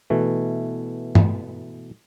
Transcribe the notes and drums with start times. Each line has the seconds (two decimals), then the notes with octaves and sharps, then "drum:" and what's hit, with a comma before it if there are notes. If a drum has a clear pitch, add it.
0.10 B2 E3 A3
1.15 drum: tom G2